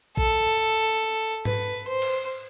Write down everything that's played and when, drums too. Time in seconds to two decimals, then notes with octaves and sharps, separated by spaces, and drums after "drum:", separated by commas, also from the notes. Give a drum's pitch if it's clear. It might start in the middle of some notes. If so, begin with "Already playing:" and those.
0.17 A4, drum: kick A#1
1.45 B4, drum: tom
1.88 C5
2.02 drum: cymbal